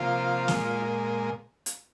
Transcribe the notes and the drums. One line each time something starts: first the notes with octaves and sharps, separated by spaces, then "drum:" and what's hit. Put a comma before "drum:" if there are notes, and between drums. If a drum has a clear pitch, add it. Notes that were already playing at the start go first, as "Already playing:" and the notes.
Already playing: C3 F3 A#3 F4
A#2 G#3, drum: snare
drum: hi-hat